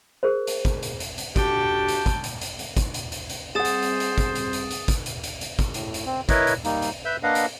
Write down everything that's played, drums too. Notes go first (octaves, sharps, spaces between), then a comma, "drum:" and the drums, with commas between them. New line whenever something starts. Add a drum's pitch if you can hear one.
G#4 A#4 C5
drum: hi-hat
drum: kick, hi-hat
drum: hi-hat
drum: hi-hat
drum: hi-hat
D3 F#4 G4 G5 A5, drum: kick, hi-hat
drum: hi-hat
drum: kick, hi-hat
drum: hi-hat
drum: hi-hat
drum: hi-hat
drum: kick, hi-hat
drum: hi-hat
drum: hi-hat
drum: hi-hat
G3 C4 G#4 C5 F#5 D#6 A6 E7
drum: hi-hat
drum: hi-hat
drum: hi-hat
drum: kick, hi-hat
drum: hi-hat
drum: hi-hat
drum: hi-hat
drum: kick, hi-hat
drum: hi-hat
drum: hi-hat
drum: hi-hat
drum: kick, hi-hat
A2, drum: hi-hat
drum: hi-hat
C4
E4 A#4 B4 C#5 D#5, drum: kick, hi-hat
drum: hi-hat
G3 A#3 D#4, drum: hi-hat
drum: hi-hat
B4 E5 E6 G6
A#3 D4 B4 D#5 F5 F#5
drum: hi-hat